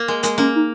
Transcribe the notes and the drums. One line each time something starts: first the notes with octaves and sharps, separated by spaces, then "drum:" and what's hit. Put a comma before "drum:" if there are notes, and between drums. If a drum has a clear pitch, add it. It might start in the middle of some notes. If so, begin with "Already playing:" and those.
Already playing: A#3
G#3 A#4
G#3 A#4, drum: hi-hat
A#3 C#4
D#4